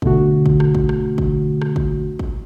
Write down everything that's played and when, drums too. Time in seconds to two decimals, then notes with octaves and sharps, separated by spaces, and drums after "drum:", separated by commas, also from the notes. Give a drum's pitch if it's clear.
0.02 B2 D3 A3 F#4, drum: kick
0.46 drum: kick
0.60 drum: rim click
0.75 drum: kick
0.89 drum: rim click
1.18 drum: kick
1.62 drum: rim click
1.76 drum: kick
2.19 drum: kick